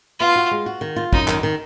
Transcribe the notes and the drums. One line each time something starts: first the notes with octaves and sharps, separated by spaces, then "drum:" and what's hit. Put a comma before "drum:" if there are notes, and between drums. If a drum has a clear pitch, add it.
B3 F4
F#4
G#3
F#4
D#3
F4
F#2 D#4, drum: kick
D#3, drum: clap
D#3